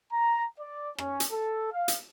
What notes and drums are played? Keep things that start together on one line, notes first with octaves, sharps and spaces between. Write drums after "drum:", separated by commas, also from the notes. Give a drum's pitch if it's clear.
A#5
D5
C#4, drum: rim click
drum: hi-hat
A4
F5
drum: hi-hat